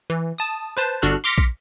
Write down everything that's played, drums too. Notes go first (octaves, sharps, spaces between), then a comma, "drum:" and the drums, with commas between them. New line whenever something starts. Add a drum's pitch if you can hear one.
E3
A5 D#6
B4 C5 A5
G1 D4 F#4 A4 F6 F#6
C6 D6 F6 A#6 B6 C#7
drum: kick